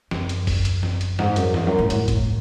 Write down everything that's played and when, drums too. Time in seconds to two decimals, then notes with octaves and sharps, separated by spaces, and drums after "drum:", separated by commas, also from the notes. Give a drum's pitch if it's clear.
0.11 F#2, drum: snare
0.29 drum: hi-hat
0.47 drum: kick, open hi-hat
0.65 drum: hi-hat
0.83 drum: snare
1.01 drum: hi-hat
1.19 G#2, drum: snare
1.36 F#2, drum: hi-hat
1.54 E2, drum: snare
1.67 F#2
1.78 A2
1.90 A2, drum: hi-hat
2.08 drum: kick, hi-hat